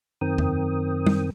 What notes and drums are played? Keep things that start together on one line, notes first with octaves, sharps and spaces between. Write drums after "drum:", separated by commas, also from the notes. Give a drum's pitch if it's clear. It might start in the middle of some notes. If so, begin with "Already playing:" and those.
F#2 D#3 C4 A#4 G5 D#6
drum: tom E2
drum: tom G3